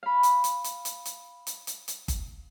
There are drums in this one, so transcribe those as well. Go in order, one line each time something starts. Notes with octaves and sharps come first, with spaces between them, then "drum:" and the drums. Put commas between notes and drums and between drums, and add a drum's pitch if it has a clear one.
F5 B5
drum: hi-hat
drum: hi-hat
drum: hi-hat
drum: hi-hat
drum: hi-hat
drum: hi-hat
drum: hi-hat
drum: hi-hat
drum: kick G1, hi-hat